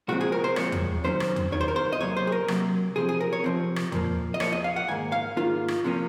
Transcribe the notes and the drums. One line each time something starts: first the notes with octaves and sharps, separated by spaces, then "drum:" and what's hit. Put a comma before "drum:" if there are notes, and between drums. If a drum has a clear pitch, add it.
C2 A#2 F3 G#3 C4 F#4
G#4
A#4
C5
C2 A#2 F3 G#3 C4 C#5, drum: rim click
drum: tom E2
D#2 D#3 F#3 C#4 C5
drum: rim click
drum: tom E2
D#2 D#3 C#5
C5
A#4
C5
D#5
C3 F#3 A#3 C#5
C5
G#4
A#4
C3 F#3 A#3, drum: rim click
C3 F3 C4 G#4
G#4
A#4
C#5
C3 F3 C4
drum: rim click
A#2 F3 A#3, drum: tom E2
D#5
A#2 F3 A#3 C#5, drum: rim click
D#5
F5
F#5
G#2 D#3 A#3 G#5
F5
G#2 D#3 A#3 F4
drum: rim click
C3 F3 A#3 C#4